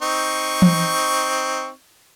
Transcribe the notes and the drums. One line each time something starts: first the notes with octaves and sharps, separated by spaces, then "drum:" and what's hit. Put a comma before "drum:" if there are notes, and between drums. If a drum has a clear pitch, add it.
C4 D#4 C#6
drum: tom E3